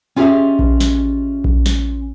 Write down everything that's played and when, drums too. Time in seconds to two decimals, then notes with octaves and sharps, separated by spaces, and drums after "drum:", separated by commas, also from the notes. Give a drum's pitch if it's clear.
0.16 C#4 F4 G4 G#4 D#5 E5
0.59 drum: kick A#1
0.80 drum: snare
1.44 drum: kick A#1
1.66 drum: snare